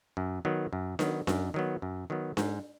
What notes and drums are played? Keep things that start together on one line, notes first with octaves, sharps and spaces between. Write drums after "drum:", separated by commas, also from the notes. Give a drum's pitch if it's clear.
F#2
D#3 F#3 B3
F#2
D#3 F#3 B3, drum: snare D4
F#2, drum: snare D4
D#3 F#3 B3
F#2
D#3 F#3 B3
G#2, drum: snare D4